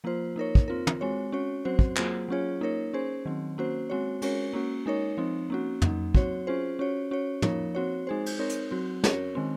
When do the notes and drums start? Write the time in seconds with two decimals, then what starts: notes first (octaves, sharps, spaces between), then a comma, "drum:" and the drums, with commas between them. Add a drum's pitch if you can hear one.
0.04 F3 A#3 F4 C5
0.36 A#3 D#4 A#4 C#5
0.55 drum: kick
0.68 C4 F4 A#4
0.87 drum: tom
1.01 G#3 C4 F#4 C#5
1.32 C#4 F#4 C#5
1.65 F#3 C4 F#4 C5
1.79 drum: kick
1.97 F#3 A#3 F4 G#4 C5, drum: clap
2.29 F#3 C#4 F4 G#4 C#5
2.61 A#3 D#4 A#4 C#5
2.94 C#4 G#4 C5
3.25 D#3 F#3 C4
3.58 A#3 C#4 F#4 C5
3.90 G#3 C4 F#4 C#5
4.22 G#3 C#4 F#4 A#4 C#5, drum: cymbal
4.53 A#3 C#4 F#4
4.86 G#3 D#4 A#4 C#5
5.17 F3 C4 D#4
5.50 A#3 C#4 F#4
5.82 F#3 A#3 D#4, drum: tom
6.15 F#3 C4 F#4 C#5, drum: kick
6.47 C#4 F4 G#4 C5
6.79 C#4 F#4 C#5
7.11 C#4 F#4 C#5
7.42 F3 A#3 D#4 A#4 C#5, drum: tom
7.75 C4 F#4 C#5
8.07 G#3 D#4 G#4 C5
8.26 drum: cymbal
8.39 C4 D#4 A#4 C#5
8.49 drum: hi-hat
8.71 F#3 C4 F#4
9.04 C#4 F#4 A#4 C#5, drum: snare
9.35 D#3 G#3 C4